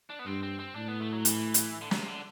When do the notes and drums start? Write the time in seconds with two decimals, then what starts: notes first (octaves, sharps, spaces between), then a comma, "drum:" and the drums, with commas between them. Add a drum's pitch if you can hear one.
0.10 D4
0.19 B3
0.26 G2 C4
0.43 C4
0.60 C4
0.75 A2 D4
0.88 B3
1.00 A3
1.13 F#3
1.25 E3, drum: hi-hat
1.54 drum: hi-hat
1.81 D3
1.91 C3, drum: snare
2.08 D3